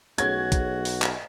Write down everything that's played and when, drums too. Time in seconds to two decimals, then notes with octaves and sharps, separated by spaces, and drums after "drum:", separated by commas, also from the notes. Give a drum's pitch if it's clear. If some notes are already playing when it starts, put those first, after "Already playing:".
0.18 B1 A3 F#4 G#4 C#5 G#6, drum: hi-hat
0.52 drum: kick, hi-hat
0.85 drum: open hi-hat
1.02 drum: clap